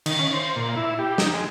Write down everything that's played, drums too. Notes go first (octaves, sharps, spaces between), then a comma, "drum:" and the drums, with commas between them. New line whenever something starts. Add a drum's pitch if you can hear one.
D#3, drum: cymbal
C#4
C5
A#2
E4
G4
D#4, drum: snare
G#3